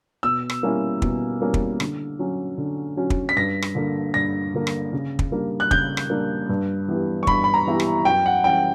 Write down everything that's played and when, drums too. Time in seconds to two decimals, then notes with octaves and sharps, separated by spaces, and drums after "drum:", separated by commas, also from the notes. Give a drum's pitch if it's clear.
0.23 B2 E6
0.50 drum: rim click
0.63 G3 A#3 C#4 E4
1.02 B2, drum: kick
1.40 G3 A#3 C#4 E4
1.54 drum: kick
1.80 D3, drum: rim click
2.19 F#3 C#4 F#4
2.58 D3
2.97 F#3 C#4 F#4
3.10 drum: kick
3.29 B6
3.36 G2 A#6
3.62 drum: rim click
3.75 D3 A#3
4.14 G2 A#6
4.54 D3 A#3
4.67 drum: rim click
4.93 C#3
5.19 drum: kick
5.31 G3 A#3 D4
5.60 F#6
5.71 C#3 G6, drum: kick
5.97 drum: rim click
6.10 G3 A#3 D4
6.49 G2
6.88 E3 B3 E4 G4
7.23 C#6
7.27 G2 B5, drum: kick
7.44 B5
7.54 A#5
7.67 E3 B3 E4 G4
7.80 drum: rim click
8.05 F#2 G5
8.26 F#5
8.44 E3 G3 C#4 G5